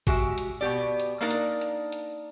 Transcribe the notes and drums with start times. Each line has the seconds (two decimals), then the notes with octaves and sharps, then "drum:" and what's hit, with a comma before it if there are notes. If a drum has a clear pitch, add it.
0.07 G#3 F#4 G4 E5, drum: kick G#1, hi-hat
0.38 drum: hi-hat
0.61 B2 B3 G4 D5
1.00 drum: hi-hat
1.21 A#3 D4 D#4 A#4 D5
1.31 drum: hi-hat
1.61 drum: hi-hat
1.92 drum: hi-hat